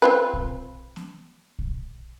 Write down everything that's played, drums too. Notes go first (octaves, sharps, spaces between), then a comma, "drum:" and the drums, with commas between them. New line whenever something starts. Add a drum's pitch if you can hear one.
C4 F4 B4
drum: kick A#1
drum: snare B3
drum: kick A#1